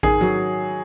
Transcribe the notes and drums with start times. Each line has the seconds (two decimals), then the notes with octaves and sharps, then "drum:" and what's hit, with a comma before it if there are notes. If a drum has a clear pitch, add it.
0.03 D#3 G#4, drum: kick A1
0.21 F#3, drum: tambourine